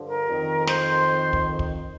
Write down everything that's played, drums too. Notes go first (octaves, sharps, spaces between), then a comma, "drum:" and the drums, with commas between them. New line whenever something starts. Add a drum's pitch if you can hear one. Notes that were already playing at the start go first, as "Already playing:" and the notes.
Already playing: G2 D3 F3
A#4
F2 D#3
C5, drum: snare
drum: kick
drum: kick